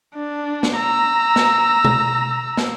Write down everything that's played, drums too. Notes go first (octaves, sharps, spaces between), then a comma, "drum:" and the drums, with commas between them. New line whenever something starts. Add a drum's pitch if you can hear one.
D4
drum: snare
A#5 E6
drum: snare
drum: tom B2
drum: snare